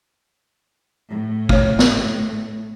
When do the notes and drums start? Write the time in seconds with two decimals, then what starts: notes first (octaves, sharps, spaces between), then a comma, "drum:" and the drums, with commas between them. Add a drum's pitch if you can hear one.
1.09 A2
1.49 A3 C#5, drum: kick
1.79 drum: snare